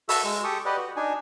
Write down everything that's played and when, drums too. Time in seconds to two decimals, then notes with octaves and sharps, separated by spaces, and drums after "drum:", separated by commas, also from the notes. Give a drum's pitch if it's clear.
0.09 F#4 A4 E5 E6, drum: open hi-hat
0.24 G#3
0.44 G4 A4 C#6 D#6
0.65 G4 B4 D5 D#5 F#5
0.78 F#4
0.96 D4 D#4 G#5